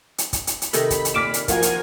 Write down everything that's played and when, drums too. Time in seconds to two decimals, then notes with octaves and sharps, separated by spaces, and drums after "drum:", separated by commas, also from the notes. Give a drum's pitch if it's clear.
0.18 drum: hi-hat
0.33 drum: kick, hi-hat
0.47 drum: hi-hat
0.62 drum: hi-hat
0.73 C3 D#3 D#4 A4 B5, drum: hi-hat
0.90 drum: kick, hi-hat
1.05 drum: hi-hat
1.14 A#2 D6 F6 B6 D7 E7
1.34 drum: hi-hat
1.48 F3 A#3 F4 F#4 A#4 G#5, drum: kick, hi-hat
1.62 drum: hi-hat